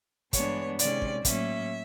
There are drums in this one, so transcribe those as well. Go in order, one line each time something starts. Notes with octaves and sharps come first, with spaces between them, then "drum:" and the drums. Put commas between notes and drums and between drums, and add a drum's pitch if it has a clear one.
G2 E3 G#3 B3 D4 C#5, drum: kick, hi-hat
C3 D#3 G#3 C#4 D5, drum: hi-hat
drum: kick
A2 F#3 A#3 C#4 E5, drum: kick, hi-hat